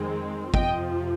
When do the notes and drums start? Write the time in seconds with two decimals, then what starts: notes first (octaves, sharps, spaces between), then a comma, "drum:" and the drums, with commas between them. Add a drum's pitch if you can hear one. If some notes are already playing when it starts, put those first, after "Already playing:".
Already playing: F2 D#3 G#3 C4
0.54 F2 C3 F3 D#5 G5, drum: kick